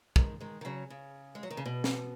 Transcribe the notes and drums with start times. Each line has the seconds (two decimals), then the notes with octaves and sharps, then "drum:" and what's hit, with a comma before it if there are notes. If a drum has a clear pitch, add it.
0.16 D#3 G#3, drum: kick
0.40 D#3 G#3
0.61 D#3
0.65 C#3 F#3
0.90 C#3
1.35 G#3
1.43 F#3
1.50 D#3
1.57 C#3
1.66 B2
1.84 drum: snare